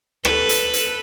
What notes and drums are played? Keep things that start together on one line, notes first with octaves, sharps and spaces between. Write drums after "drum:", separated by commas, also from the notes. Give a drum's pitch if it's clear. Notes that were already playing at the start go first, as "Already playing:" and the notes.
A4 B4, drum: rim click
drum: hi-hat
drum: hi-hat